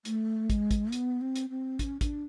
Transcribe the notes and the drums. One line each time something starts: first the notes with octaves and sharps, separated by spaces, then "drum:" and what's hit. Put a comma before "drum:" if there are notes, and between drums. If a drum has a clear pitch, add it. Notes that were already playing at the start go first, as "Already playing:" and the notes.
A3, drum: hi-hat
G#3, drum: kick, hi-hat
drum: kick, hi-hat
B3, drum: hi-hat
C4
drum: hi-hat
C4
D4, drum: kick, hi-hat
C#4
D4, drum: kick, hi-hat